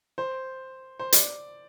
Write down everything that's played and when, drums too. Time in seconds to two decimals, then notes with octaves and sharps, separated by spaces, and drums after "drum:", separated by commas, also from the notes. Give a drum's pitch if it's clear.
0.18 C5
0.99 C5
1.12 D5, drum: hi-hat